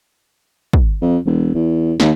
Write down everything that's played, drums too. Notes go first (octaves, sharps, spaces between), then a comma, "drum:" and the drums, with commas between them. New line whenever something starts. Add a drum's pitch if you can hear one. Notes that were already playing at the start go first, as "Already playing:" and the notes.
drum: kick
F2
E1
E2
D#2, drum: snare